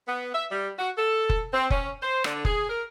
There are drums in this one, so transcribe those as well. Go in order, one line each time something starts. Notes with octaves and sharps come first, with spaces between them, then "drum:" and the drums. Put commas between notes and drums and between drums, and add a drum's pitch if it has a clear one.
B3
E5
G3
F#4
A4
drum: kick F1
C4
C#4, drum: kick F1
C5
D3, drum: rim click
G#4, drum: kick F1
A#4